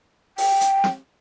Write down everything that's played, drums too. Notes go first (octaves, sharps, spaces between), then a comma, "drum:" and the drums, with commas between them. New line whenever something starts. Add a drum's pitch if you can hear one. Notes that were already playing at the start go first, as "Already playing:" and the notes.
G5, drum: open hi-hat
drum: hi-hat
drum: snare